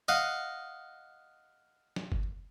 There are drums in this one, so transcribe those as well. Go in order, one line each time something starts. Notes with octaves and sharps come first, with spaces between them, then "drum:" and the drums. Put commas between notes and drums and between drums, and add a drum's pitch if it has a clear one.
D#5 F5 F#5
drum: snare
drum: kick F#1